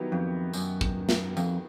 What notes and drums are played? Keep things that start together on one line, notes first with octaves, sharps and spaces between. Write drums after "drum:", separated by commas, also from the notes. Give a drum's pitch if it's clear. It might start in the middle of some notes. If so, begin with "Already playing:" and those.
Already playing: D#3 F#3 B3 E4 G4
F2
F#2, drum: tambourine
drum: kick
drum: snare
F2, drum: tambourine